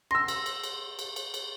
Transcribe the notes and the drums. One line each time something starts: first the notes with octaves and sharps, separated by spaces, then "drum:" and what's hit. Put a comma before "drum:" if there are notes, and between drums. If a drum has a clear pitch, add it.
C6 E6 A#6
drum: cymbal
drum: cymbal
drum: cymbal
drum: cymbal
drum: cymbal
drum: cymbal